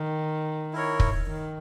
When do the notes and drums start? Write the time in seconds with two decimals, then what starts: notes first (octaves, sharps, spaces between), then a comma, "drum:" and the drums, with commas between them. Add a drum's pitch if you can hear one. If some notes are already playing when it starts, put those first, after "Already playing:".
Already playing: D#3
0.73 E4 A#4 C#5
1.00 drum: kick
1.26 D#3